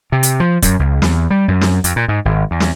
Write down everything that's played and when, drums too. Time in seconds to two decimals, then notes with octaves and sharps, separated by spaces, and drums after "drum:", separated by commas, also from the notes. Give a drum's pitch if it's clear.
0.12 C3
0.23 drum: hi-hat
0.40 F3
0.62 F#2, drum: kick, hi-hat
0.79 C#2
1.02 E2, drum: snare
1.31 G3
1.48 F#2
1.61 drum: snare
1.84 F2, drum: hi-hat
1.96 A#2
2.08 G#2
2.25 G#1
2.51 E2
2.60 drum: snare